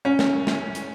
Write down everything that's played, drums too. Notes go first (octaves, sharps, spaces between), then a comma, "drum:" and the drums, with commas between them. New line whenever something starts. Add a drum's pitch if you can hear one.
C#4
drum: snare
drum: snare
drum: hi-hat